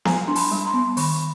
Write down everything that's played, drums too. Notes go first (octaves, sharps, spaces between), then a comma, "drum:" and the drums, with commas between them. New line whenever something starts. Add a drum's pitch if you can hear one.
G3 G#5 A#5, drum: snare B3
D4 C6
A5 B5, drum: open hi-hat
G3
A#5 C6
B3
D#3 B5 C#6, drum: open hi-hat